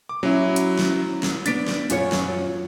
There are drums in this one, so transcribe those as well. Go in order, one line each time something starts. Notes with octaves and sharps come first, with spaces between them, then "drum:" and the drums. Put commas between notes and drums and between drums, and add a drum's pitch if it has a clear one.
D6
F#3 C#4 E4
drum: hi-hat
drum: snare
drum: snare
B3 D4 A6 B6 D7, drum: hi-hat
drum: snare
F#2 F4 C#5, drum: hi-hat
drum: snare